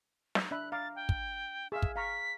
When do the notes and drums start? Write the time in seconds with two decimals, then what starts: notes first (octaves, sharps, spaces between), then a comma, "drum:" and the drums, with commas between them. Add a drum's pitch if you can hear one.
0.35 drum: snare
0.51 D4 E5 B5 F#6
0.72 F5 A#5 D6 A6
0.96 G5
1.09 drum: kick
1.72 G#4 E5 F5
1.82 drum: kick
1.96 F5 A#5 C#6 B6